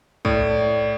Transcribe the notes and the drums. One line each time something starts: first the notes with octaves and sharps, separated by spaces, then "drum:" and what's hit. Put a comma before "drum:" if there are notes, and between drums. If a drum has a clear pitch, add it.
A2 D5, drum: kick